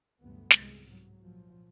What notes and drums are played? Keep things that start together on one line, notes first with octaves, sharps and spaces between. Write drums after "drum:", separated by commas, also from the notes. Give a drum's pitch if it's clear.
G1 D2 C3 F#3 A3 B3
C2 G#3, drum: snare
G#2 F#3
A#2 F3 F#3